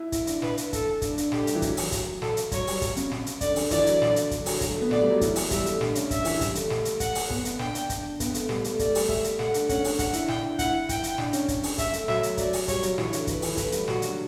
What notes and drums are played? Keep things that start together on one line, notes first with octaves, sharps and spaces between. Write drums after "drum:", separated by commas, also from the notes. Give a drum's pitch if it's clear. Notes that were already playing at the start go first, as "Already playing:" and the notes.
Already playing: E4
E4, drum: kick, hi-hat
D4, drum: hi-hat
B4, drum: snare
drum: hi-hat
A4, drum: kick, hi-hat
D4, drum: kick, hi-hat
D4, drum: hi-hat
A3 G4, drum: snare
G3, drum: hi-hat
E3
F#3, drum: kick, hi-hat
drum: open hi-hat
drum: kick, hi-hat
A4, drum: snare
drum: hi-hat
F#3 C#5, drum: kick, hi-hat
G3, drum: open hi-hat
drum: kick, hi-hat
C#3, drum: hi-hat
drum: snare
drum: hi-hat
D3 D5, drum: kick, hi-hat
D3, drum: open hi-hat
E3 D5, drum: kick, hi-hat
F#3, drum: hi-hat
D3, drum: snare
drum: hi-hat
D3, drum: kick, hi-hat
F#3, drum: open hi-hat
drum: kick, hi-hat
A3
B3
A3 D5, drum: snare
G3
F#3
E3, drum: kick, hi-hat
drum: open hi-hat
G3 E5, drum: kick, hi-hat
A3, drum: hi-hat
D4, drum: snare
C#4, drum: hi-hat
E5, drum: kick, hi-hat
E3, drum: open hi-hat
G3, drum: kick, hi-hat
A3, drum: hi-hat
drum: snare
drum: hi-hat
F#5, drum: kick, hi-hat
drum: open hi-hat
B3, drum: kick
drum: hi-hat
D4 G5, drum: snare
D4, drum: hi-hat
D4, drum: kick, hi-hat
B3, drum: kick, hi-hat
A3, drum: hi-hat
G3, drum: snare
A3, drum: hi-hat
A3 D5, drum: kick, hi-hat
G3, drum: open hi-hat
E5, drum: kick
drum: hi-hat
A3 F#5, drum: snare
D4, drum: hi-hat
C#4 F#5, drum: kick, hi-hat
C#4, drum: open hi-hat
D4 F#5, drum: kick, hi-hat
E4, drum: hi-hat
D4 G5, drum: snare
E4 F#5, drum: kick, hi-hat
G5, drum: kick, hi-hat
drum: hi-hat
D4, drum: snare
C#4, drum: hi-hat
drum: kick, hi-hat
drum: open hi-hat
E5, drum: kick, hi-hat
A3, drum: hi-hat
F#3 E5, drum: snare
drum: hi-hat
F#3 D5, drum: kick, hi-hat
drum: open hi-hat
G3 C#5, drum: kick, hi-hat
F#3, drum: hi-hat
E3 C#5, drum: snare
D3, drum: hi-hat
D3 B4, drum: kick, hi-hat
E3, drum: open hi-hat
A3 B4, drum: kick, hi-hat
G3, drum: hi-hat
F#3 F#4, drum: snare
D3, drum: hi-hat